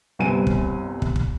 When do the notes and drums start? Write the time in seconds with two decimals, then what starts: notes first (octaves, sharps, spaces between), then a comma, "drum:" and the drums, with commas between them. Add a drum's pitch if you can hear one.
0.19 G1 C2 C3 B4 G#5 D#7
0.47 drum: kick
1.02 drum: kick
1.16 drum: kick